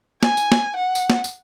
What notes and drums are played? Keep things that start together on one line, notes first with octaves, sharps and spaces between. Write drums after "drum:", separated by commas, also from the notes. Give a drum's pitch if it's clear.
G#5, drum: snare
drum: tambourine
drum: snare
F#5
drum: tambourine
drum: snare
drum: tambourine